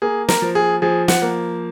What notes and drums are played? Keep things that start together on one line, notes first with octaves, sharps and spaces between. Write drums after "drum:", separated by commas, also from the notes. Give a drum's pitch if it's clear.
A#3 G#4
A#4, drum: snare
F3
G#4
F3 G#4
F#5, drum: snare
A#3